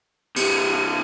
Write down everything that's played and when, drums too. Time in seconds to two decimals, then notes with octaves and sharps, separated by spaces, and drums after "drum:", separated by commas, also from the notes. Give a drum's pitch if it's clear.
0.36 C3 E3 G4, drum: cymbal